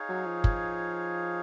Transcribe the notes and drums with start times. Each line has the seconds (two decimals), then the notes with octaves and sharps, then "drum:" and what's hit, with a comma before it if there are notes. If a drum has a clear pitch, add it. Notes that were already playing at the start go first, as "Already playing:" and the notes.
Already playing: D#4 G#4 C#5 F5
0.09 F#3
0.26 F3
0.44 drum: kick